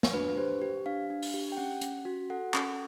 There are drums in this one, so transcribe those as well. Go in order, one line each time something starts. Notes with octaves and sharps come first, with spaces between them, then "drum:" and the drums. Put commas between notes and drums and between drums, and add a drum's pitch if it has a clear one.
drum: snare
D4 B4
B4
G4 C5
G4
D4 F5
D4
drum: open hi-hat
G4
G5
C#4 F#5
C#4, drum: hi-hat
F#4
A4 F#5
C#4, drum: clap